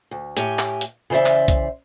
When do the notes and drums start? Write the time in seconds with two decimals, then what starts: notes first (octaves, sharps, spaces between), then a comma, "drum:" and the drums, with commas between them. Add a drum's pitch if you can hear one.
0.11 D2
0.37 A2 G4 C#5 G#5, drum: hi-hat
0.59 drum: clap
0.81 drum: hi-hat
1.10 C#3 E3 C5 D5 E5
1.26 drum: clap
1.48 drum: kick, hi-hat